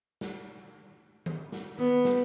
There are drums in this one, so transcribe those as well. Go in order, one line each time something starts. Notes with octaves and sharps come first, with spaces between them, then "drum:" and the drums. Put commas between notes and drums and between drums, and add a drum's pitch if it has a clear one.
drum: snare
drum: tom D#3
drum: snare
B3, drum: tom D#3
drum: snare